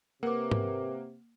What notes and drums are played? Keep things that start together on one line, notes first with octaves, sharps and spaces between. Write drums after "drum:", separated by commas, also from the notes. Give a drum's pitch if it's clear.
C3 A#3 A#4 B4 F#5 D6
drum: tom G#2